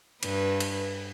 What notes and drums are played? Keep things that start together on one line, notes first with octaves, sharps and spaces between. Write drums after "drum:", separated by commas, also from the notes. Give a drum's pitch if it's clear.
G2 B4, drum: cymbal
drum: cymbal